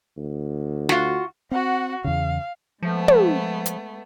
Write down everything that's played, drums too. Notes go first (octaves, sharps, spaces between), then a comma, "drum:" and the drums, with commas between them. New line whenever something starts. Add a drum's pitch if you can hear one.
D2
F4 F#4, drum: snare
C4 F#4 F#5
E2 C#3 F5
F3 G#3 A3 B3
drum: tom
drum: hi-hat